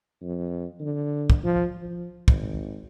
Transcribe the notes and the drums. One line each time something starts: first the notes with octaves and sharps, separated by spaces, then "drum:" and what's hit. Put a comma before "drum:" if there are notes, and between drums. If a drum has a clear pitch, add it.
F2
D3
drum: kick
F3
F3
G#1, drum: kick